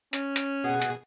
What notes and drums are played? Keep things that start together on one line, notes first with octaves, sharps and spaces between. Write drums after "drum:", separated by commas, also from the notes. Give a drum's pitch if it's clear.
C#4, drum: hi-hat
drum: hi-hat
B2 G#4 F#5
drum: hi-hat